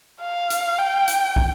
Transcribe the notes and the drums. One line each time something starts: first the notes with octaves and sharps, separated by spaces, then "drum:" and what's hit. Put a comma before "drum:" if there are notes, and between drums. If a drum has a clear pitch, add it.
F5
drum: hi-hat
G5
drum: hi-hat
drum: kick